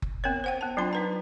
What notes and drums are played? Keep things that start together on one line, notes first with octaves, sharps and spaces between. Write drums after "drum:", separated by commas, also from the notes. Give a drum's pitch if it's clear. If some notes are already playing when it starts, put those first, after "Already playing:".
drum: kick F#1
B3 C4 A#4 C#5
C5 F#5 G5
B3 A5
F#3 C4 D4 F4 C6
D#4 B4 A#5